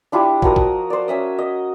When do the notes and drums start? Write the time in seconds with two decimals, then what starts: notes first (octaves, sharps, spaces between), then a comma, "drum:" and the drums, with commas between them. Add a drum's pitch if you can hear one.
0.12 D4 E4 F4 G4
0.42 F3 F#4 A#4 D#6, drum: kick
0.56 drum: kick
0.90 C5 D5
1.08 C#4 E5 D#6
1.39 D#5